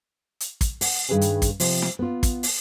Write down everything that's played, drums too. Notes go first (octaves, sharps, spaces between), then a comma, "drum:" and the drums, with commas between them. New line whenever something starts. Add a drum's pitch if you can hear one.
drum: hi-hat
drum: kick, hi-hat
F#5, drum: open hi-hat
G2 D#3 G#4 B4 G5 G#5
drum: hi-hat
drum: kick, hi-hat
C3 F3, drum: open hi-hat
drum: snare
B3 F4
drum: kick, hi-hat
drum: open hi-hat